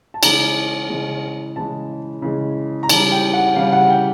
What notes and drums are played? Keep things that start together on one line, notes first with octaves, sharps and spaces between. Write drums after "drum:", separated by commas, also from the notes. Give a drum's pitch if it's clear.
A5
C#3 E3 G#3 A#5, drum: cymbal
C#3 E3 G#3
C#3 E3 G#3 A5
C#3 E3 G#3
A#5
C#3 E3 G3 A5, drum: cymbal
G5
F#5
C#3 E3 G3 F5
F#5
G5